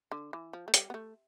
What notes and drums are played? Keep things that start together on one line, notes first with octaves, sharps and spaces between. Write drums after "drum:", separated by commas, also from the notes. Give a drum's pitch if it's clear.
D3
E3
F3
A3
G3, drum: hi-hat
B3
A3